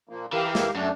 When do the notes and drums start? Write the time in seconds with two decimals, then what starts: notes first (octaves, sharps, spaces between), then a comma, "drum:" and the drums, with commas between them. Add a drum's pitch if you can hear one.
0.09 A#2 F3 A#3
0.33 E3 G4 A#4 F5
0.55 drum: snare
0.76 F#2 A3 D4